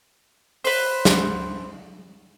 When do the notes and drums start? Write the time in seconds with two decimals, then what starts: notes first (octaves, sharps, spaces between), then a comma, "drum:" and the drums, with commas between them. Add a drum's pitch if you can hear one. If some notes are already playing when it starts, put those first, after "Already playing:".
0.64 B4 C5, drum: open hi-hat
1.05 drum: snare